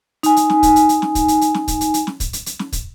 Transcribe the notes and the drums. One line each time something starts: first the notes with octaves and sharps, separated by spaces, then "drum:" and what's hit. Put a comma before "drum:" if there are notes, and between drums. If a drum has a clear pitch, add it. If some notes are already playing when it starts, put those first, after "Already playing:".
D#4 G#5, drum: hi-hat
drum: hi-hat
drum: snare
drum: kick, hi-hat
drum: hi-hat
drum: hi-hat
drum: snare
drum: kick, hi-hat
drum: hi-hat
drum: hi-hat
drum: snare
drum: kick, hi-hat
drum: hi-hat
drum: hi-hat
drum: snare
drum: kick, hi-hat
drum: hi-hat
drum: hi-hat
drum: snare
drum: kick, hi-hat